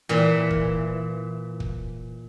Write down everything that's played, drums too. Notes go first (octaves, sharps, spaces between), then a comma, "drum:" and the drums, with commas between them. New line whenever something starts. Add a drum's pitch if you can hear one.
A#2 E3
drum: kick
drum: kick